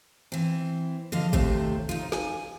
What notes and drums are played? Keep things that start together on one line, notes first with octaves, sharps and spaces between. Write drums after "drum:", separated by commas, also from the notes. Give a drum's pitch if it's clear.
E3 C4
D3 F3 D#5 F5
D#2 C3 A3 C4 C5, drum: kick
D#4 F4
G#5, drum: snare